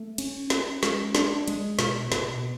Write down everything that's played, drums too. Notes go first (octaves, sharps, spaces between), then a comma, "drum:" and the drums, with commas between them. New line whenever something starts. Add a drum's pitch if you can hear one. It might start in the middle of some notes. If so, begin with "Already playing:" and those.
Already playing: A3
C#4, drum: cymbal
C#4, drum: snare
G#3, drum: snare
D4, drum: snare
G#3, drum: cymbal
B2, drum: snare
B2, drum: snare